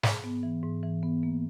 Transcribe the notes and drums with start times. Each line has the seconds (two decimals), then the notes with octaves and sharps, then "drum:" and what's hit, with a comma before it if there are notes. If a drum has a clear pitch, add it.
0.03 G#2, drum: snare
0.24 B3
0.43 E3
0.63 G#2
0.83 E3
1.03 B3
1.23 A#3